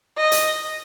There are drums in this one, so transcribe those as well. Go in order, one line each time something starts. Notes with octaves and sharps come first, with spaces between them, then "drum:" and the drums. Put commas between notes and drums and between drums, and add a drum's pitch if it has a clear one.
D#5
drum: hi-hat